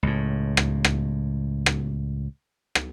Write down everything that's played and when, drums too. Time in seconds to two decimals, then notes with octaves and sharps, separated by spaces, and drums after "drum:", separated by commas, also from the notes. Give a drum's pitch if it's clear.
0.03 C#2 A2
0.57 drum: rim click
0.84 drum: rim click
1.66 drum: rim click
2.75 drum: rim click